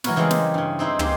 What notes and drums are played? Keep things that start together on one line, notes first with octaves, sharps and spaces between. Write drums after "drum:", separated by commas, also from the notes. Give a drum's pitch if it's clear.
E3 F#3 F#4 A#4 B4 C#5, drum: snare
C#3 E3 G3 G#3 C4
G4, drum: snare
G2 C#3
C4 D#4 E4 B4 C5
A#3 C4 D#4 G4 G#4 C5, drum: tom